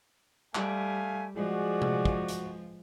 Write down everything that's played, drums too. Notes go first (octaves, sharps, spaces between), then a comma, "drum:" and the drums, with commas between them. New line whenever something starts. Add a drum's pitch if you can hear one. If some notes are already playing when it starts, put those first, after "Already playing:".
G3 A3 F5 G#5, drum: clap
F3 G#3 F#4 G#4 D5
drum: tom C3
drum: kick
drum: hi-hat